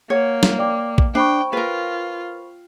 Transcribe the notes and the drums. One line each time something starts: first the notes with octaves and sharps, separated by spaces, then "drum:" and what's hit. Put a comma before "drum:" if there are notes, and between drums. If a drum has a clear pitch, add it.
A#3 C#5 F#5
drum: snare
D5 G5 D6
drum: kick
D4 C5 G5 B5 C#6
F4 A#4 B4